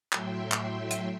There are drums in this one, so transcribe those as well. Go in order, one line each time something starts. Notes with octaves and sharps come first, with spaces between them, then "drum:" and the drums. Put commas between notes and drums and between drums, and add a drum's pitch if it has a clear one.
A2 F#3 E5 G5 C6, drum: clap
drum: clap
drum: hi-hat